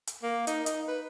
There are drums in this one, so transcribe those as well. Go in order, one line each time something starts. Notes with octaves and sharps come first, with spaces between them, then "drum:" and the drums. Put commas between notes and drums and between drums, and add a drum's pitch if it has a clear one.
drum: hi-hat
A#3
D#4, drum: hi-hat
D#4, drum: hi-hat
B4